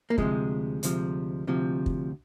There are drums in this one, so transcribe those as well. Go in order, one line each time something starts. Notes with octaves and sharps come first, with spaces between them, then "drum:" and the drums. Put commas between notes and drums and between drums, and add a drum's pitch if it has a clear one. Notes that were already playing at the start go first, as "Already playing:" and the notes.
A#3
D2 C3 F3 G#3, drum: kick
D2 C3 F3, drum: hi-hat
D2 C3 F3
drum: kick